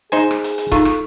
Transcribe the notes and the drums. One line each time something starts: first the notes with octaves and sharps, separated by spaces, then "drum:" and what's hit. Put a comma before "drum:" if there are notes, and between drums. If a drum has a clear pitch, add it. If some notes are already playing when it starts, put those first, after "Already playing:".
D#4 G#4 C5 G#5
drum: rim click
drum: hi-hat
drum: hi-hat
D#4 F4 A4 C#6, drum: kick, hi-hat
drum: rim click